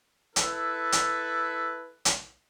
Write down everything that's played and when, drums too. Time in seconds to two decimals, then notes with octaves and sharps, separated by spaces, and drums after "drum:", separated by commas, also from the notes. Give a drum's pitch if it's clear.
0.36 E4 A4 B4, drum: hi-hat
0.92 drum: hi-hat
2.05 drum: hi-hat